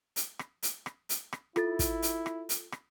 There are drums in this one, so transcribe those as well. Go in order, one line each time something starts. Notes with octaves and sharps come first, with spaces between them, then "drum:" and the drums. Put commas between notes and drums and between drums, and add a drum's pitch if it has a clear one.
drum: hi-hat
drum: rim click
drum: hi-hat
drum: rim click
drum: hi-hat
drum: rim click
E4 F4 A4 A6, drum: rim click
drum: kick, hi-hat
drum: hi-hat
drum: rim click
drum: hi-hat
drum: rim click